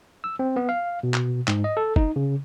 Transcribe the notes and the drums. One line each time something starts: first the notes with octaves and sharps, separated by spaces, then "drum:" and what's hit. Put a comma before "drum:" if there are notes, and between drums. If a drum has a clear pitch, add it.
E6
C4
B3
F5
B2
drum: clap
G#2, drum: clap
D#5
A4
D#4, drum: kick
C#3